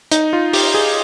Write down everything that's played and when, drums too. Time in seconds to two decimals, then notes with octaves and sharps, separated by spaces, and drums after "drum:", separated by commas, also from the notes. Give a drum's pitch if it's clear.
0.11 D#4, drum: hi-hat
0.33 F4
0.53 G4, drum: open hi-hat
0.74 G#4